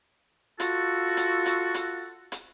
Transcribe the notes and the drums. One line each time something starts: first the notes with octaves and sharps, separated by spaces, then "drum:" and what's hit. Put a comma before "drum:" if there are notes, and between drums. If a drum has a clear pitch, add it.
F4 F#4 A4, drum: hi-hat
drum: hi-hat
drum: hi-hat
drum: hi-hat
drum: hi-hat